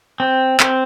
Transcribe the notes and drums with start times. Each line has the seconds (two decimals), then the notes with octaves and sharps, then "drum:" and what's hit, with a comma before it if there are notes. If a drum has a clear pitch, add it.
0.20 C4
0.60 C4, drum: clap